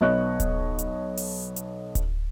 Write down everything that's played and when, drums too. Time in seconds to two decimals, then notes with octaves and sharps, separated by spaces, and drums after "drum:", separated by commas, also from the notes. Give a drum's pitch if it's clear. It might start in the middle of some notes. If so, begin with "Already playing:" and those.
0.01 B1 B3 C#5 D#5 C#6 F#6
0.40 drum: kick D1, hi-hat
0.79 drum: hi-hat
1.17 drum: open hi-hat
1.56 drum: hi-hat
1.95 drum: kick D1, hi-hat